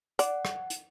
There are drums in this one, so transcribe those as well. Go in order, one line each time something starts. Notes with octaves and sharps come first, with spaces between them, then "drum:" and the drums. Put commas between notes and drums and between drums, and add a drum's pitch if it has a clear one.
D5 F#5, drum: hi-hat
drum: rim click
drum: hi-hat